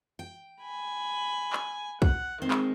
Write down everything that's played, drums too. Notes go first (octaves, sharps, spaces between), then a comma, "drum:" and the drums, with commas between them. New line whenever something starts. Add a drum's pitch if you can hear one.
G5
G#5 B5
drum: clap
F#5, drum: kick
D#3 G#3 C4
drum: clap